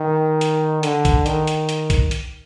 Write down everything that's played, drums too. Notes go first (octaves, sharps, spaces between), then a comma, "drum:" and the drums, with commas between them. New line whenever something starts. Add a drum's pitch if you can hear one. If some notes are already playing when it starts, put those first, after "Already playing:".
Already playing: D#3
drum: hi-hat
D3, drum: hi-hat
drum: kick, hi-hat
D#3, drum: hi-hat
drum: hi-hat
drum: hi-hat
drum: kick, hi-hat
drum: hi-hat